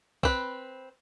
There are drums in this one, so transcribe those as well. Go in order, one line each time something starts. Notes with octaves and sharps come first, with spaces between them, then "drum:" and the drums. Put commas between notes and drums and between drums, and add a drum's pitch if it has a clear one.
C4 B4, drum: kick